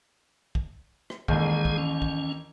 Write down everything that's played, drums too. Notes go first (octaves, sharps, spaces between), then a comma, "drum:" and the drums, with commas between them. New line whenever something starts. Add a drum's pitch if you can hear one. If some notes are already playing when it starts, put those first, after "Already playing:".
drum: kick
drum: rim click
A1 D#2 G#3 G#4, drum: kick
drum: kick
C#4
drum: kick